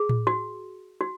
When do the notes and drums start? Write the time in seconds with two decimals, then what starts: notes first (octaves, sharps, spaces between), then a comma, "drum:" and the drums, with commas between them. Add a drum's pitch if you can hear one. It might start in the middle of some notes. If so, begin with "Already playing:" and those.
Already playing: G#4
0.09 drum: tom A2
0.27 F#4
1.01 F#4